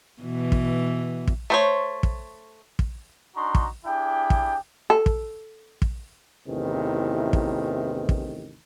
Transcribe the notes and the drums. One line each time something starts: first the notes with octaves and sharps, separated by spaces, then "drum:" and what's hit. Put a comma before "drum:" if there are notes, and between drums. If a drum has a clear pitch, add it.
B2 E3
drum: kick
drum: kick
A3 C5 C#5
drum: kick
drum: kick
D4 D#4 F#4 A#5 C6 C#6
drum: kick
D4 E4 G4 G#4 G5
drum: kick
A4
drum: kick
drum: kick
A1 E2 C3 D#3 E3
drum: kick
drum: kick